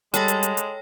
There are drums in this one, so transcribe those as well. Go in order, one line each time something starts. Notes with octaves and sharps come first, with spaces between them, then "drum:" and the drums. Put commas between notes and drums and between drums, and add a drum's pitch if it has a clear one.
G3 G#3 A4 C#5 G5 B5 A#6, drum: hi-hat
drum: hi-hat
drum: hi-hat
drum: hi-hat